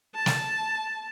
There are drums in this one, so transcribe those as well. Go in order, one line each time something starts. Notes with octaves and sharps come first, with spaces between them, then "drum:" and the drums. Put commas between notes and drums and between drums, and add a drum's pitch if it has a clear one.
A5
drum: snare